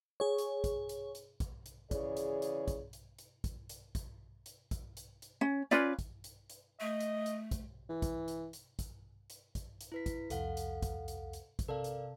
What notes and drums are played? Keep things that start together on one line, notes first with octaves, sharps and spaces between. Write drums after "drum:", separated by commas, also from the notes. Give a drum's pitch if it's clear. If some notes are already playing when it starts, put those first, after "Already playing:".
G#4 C#5
drum: hi-hat
drum: kick, hi-hat
drum: hi-hat
drum: hi-hat
drum: kick, hi-hat
drum: hi-hat
C#3 E3 G#4 C#5 D5, drum: kick, hi-hat
drum: hi-hat
drum: hi-hat
drum: kick, hi-hat
drum: hi-hat
drum: hi-hat
drum: kick, hi-hat
drum: hi-hat
drum: kick, hi-hat
drum: hi-hat
drum: kick, hi-hat
drum: hi-hat
drum: hi-hat
C#4
C#4 F4 B4 D5, drum: hi-hat
drum: kick, hi-hat
drum: hi-hat
drum: hi-hat
A3 D#5
drum: hi-hat
drum: hi-hat
drum: kick, hi-hat
E3
drum: kick, hi-hat
drum: hi-hat
drum: hi-hat
drum: kick, hi-hat
drum: hi-hat
drum: kick, hi-hat
drum: hi-hat
E4 B4 B6
drum: kick, hi-hat
C2 F2 A4 F5 F#5, drum: hi-hat
drum: hi-hat
drum: kick, hi-hat
drum: hi-hat
drum: hi-hat
drum: kick, hi-hat
C3 A4 A#4 D5 F5
drum: hi-hat